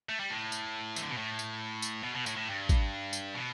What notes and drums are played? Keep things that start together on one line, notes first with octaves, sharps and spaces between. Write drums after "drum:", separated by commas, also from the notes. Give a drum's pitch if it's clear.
A3
G3
A2
drum: tambourine
E3, drum: tambourine
D3
B2
A2
drum: tambourine
drum: tambourine
B2
B2
A2, drum: tambourine
A2
G2
drum: kick, tambourine
drum: tambourine
B2